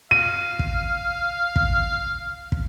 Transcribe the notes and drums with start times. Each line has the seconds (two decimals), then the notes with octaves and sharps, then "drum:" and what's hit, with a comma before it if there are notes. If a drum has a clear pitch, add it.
0.11 F5 D#7
0.59 drum: kick
1.56 drum: kick
2.52 drum: kick